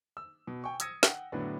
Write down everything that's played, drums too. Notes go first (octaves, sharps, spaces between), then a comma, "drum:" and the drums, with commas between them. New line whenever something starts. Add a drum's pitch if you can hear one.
E6
B2
G5 G#5 C#6
D#6 E6 G#6 A#6 C#7 D#7, drum: hi-hat
F#5 G5, drum: snare
A2 D3 F#3 B3 D4